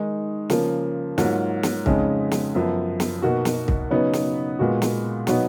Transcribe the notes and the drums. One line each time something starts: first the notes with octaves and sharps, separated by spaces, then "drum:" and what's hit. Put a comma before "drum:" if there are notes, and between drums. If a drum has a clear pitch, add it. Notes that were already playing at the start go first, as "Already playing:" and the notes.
Already playing: D#3 G#3 D#4
C#3 F3 A#3, drum: snare
G#2 F#3 A#3 F4, drum: snare
drum: snare
F2 C#3 G#3 D#4, drum: kick
drum: snare
F#2 F3 B3
drum: snare
B2 A#3 D#4 F#4
drum: snare
drum: kick
C#3 F#3 B3 D#4
drum: snare
A#2 G#3 B3 F#4
drum: snare
B2 F#3 B3 D#4, drum: snare